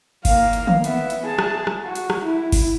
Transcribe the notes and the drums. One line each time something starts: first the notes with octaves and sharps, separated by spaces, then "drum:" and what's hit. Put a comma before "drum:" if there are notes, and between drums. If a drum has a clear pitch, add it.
A#3 F5, drum: kick G1, open hi-hat
drum: hi-hat
drum: tom
B3 E5, drum: hi-hat
drum: hi-hat
G#4 A5
drum: rim click
drum: rim click
F#4
drum: hi-hat
drum: rim click
E4
drum: kick G1, open hi-hat